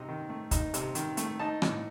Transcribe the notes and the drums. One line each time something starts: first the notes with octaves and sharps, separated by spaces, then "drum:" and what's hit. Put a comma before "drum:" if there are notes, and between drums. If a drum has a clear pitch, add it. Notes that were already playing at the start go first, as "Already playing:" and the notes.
Already playing: C3 D#4
D#3
A3
D#4, drum: kick, hi-hat
C3, drum: hi-hat
D#3, drum: hi-hat
A3, drum: hi-hat
D#4 A5
A2, drum: rim click